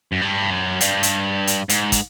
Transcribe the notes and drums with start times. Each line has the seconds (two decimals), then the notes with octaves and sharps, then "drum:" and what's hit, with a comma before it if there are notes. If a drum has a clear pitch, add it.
0.12 F#2
0.21 G2
0.51 F#2
0.81 G2, drum: hi-hat
1.03 drum: hi-hat
1.47 drum: hi-hat
1.69 G#2, drum: hi-hat
1.92 drum: kick, hi-hat